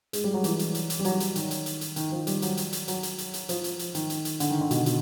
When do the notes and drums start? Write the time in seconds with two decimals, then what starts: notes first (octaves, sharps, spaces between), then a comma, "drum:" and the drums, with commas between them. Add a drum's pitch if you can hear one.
0.13 G#3, drum: hi-hat
0.24 G3
0.34 F#3
0.44 E3, drum: hi-hat
0.59 drum: hi-hat
0.75 drum: hi-hat
0.90 drum: hi-hat
0.99 G3
1.05 F#3, drum: hi-hat
1.20 drum: hi-hat
1.35 D#3, drum: hi-hat
1.51 drum: hi-hat
1.66 drum: hi-hat
1.81 drum: hi-hat
1.96 D#3, drum: hi-hat
2.12 F3
2.27 G3, drum: hi-hat
2.42 F#3, drum: hi-hat
2.57 drum: hi-hat
2.73 drum: hi-hat
2.88 F#3, drum: hi-hat
3.03 drum: hi-hat
3.18 drum: hi-hat
3.34 drum: hi-hat
3.49 F3, drum: hi-hat
3.64 drum: hi-hat
3.79 drum: hi-hat
3.95 D#3, drum: hi-hat
4.10 drum: hi-hat
4.25 drum: hi-hat
4.40 D3, drum: hi-hat
4.50 D#3
4.61 D3
4.71 B2, drum: hi-hat
4.86 B2, drum: hi-hat